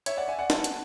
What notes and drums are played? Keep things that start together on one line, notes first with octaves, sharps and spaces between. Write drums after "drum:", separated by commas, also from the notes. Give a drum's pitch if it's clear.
C#5 E5, drum: hi-hat
D5 F#5
E5 G#5
D5 F#5
F#5 A5, drum: snare
drum: hi-hat